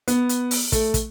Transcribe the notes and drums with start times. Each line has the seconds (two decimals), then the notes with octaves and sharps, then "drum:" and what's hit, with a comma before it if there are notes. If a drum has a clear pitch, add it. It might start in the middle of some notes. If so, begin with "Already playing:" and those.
0.08 B3, drum: hi-hat
0.29 drum: hi-hat
0.51 drum: open hi-hat
0.72 A3, drum: kick, hi-hat
0.94 drum: kick, hi-hat